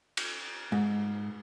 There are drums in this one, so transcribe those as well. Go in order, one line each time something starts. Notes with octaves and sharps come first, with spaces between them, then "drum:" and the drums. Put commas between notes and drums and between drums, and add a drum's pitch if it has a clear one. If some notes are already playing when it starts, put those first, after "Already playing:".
drum: cymbal
G#2